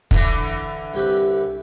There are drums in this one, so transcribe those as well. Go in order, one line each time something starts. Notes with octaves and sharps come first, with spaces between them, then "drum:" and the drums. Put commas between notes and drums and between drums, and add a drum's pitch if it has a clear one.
D3 E3, drum: kick
C2 G4 B4